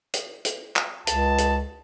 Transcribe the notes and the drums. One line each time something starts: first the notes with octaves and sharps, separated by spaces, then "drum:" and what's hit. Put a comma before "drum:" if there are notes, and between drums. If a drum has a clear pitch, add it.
drum: hi-hat
drum: hi-hat
drum: clap
C#2 A5, drum: hi-hat
drum: hi-hat